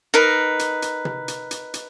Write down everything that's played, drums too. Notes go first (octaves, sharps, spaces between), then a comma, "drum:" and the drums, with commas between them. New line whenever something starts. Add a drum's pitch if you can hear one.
D#4 A#4 B4
drum: hi-hat
drum: hi-hat
drum: tom
drum: hi-hat
drum: hi-hat
drum: hi-hat